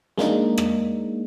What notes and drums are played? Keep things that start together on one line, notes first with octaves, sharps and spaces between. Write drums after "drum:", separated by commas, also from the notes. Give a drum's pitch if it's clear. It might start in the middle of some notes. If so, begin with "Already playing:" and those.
G#3 A#3 D4 D#4, drum: snare
drum: rim click